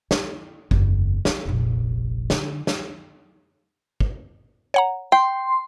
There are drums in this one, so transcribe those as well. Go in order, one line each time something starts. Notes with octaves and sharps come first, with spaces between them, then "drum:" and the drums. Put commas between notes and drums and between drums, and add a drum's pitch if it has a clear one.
E4, drum: snare
F#1 E2, drum: kick
B3 C4, drum: snare
F1 A#1
D3, drum: snare
drum: snare
drum: kick
C#5 F#5 A#5
G5 C6